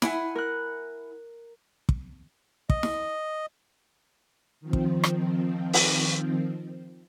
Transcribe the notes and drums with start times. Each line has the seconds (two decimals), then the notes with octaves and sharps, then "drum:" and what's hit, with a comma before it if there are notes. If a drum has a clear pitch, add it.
0.02 E4 F#5 G#5, drum: snare
0.35 A#4 F#6
1.89 drum: kick
2.70 D#5, drum: kick
2.83 drum: snare
4.61 D#3 F3 C4
4.73 drum: kick
5.04 drum: rim click
5.73 drum: open hi-hat